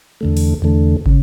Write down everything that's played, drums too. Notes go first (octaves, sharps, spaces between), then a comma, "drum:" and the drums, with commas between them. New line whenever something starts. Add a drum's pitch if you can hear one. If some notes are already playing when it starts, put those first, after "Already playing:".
E2 D3 A3
drum: open hi-hat
E2 D3 A3
C#3, drum: kick